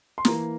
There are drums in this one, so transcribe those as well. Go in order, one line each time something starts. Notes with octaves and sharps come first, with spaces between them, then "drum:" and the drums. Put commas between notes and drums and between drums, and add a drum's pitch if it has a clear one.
C6
E3 A#3 A#5, drum: snare